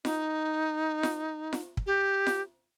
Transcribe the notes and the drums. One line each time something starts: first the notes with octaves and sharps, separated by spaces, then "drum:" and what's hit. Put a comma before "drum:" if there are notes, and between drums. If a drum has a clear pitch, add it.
D#4, drum: snare F4
drum: snare F4
drum: snare F4
drum: kick
G4
drum: snare F4